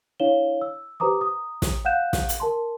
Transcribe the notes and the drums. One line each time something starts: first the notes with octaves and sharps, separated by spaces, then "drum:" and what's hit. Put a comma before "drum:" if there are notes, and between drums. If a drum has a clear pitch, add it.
D4 E4 C#5 F5 E7 G7
E6
G4 B4 C5 A#5 D6 D#6
A#5 D#6
drum: snare
F5 F#5 F#6 G6 E7
drum: snare
drum: hi-hat
A#4 A5 C6